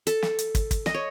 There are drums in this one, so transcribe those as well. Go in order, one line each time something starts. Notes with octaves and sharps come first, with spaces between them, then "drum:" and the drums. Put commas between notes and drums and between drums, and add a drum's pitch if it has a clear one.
A4, drum: hi-hat
drum: snare
drum: hi-hat
drum: kick, hi-hat
drum: kick, hi-hat
D#5, drum: snare
C#5